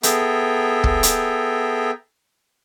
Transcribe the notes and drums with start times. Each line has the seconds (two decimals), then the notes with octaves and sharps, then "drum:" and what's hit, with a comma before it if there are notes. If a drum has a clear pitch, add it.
0.03 B3 G#4 A4 E5 G5 A#5, drum: hi-hat
0.84 drum: kick
1.03 drum: hi-hat